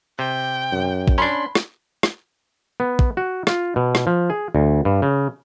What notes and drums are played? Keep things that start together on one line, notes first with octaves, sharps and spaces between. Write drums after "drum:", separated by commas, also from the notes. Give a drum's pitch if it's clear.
C3 G5
F#2
drum: kick
C#4 D4 B5 C6
drum: rim click
drum: rim click
B3
drum: kick
F#4
F4, drum: rim click
B2
drum: rim click
F3
G#4
D2
G2
C#3